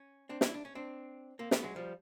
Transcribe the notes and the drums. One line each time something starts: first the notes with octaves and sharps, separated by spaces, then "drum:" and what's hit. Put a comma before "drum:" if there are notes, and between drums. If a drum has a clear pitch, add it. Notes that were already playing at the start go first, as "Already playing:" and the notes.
Already playing: C#4
C4 D4
D4 E4, drum: snare
D4
C#4
C4 D4
A#3 C4
A3 B3, drum: snare
F#3 G#3
F3 G3